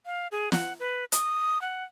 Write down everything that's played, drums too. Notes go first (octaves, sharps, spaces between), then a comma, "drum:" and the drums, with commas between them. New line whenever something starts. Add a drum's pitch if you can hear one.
F5
G#4
F#5, drum: snare
B4
D#6, drum: hi-hat
F#5